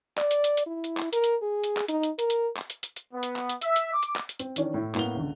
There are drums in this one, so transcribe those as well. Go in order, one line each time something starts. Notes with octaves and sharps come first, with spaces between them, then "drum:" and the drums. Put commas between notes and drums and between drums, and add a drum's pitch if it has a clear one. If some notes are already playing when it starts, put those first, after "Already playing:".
D5, drum: clap
drum: hi-hat
drum: hi-hat
drum: hi-hat
E4
drum: hi-hat
drum: clap
A#4, drum: hi-hat
drum: hi-hat
G#4
drum: hi-hat
drum: clap
D#4, drum: hi-hat
drum: hi-hat
A#4, drum: hi-hat
drum: hi-hat
drum: clap
drum: hi-hat
drum: hi-hat
drum: hi-hat
B3
drum: hi-hat
drum: clap
drum: hi-hat
E5, drum: hi-hat
drum: hi-hat
D6
drum: hi-hat
drum: clap
drum: hi-hat
C4, drum: hi-hat
D#3 E3 C#4 D4, drum: hi-hat
A2 E4
A2 A#3 B3 F7 G7, drum: clap
C#2 D3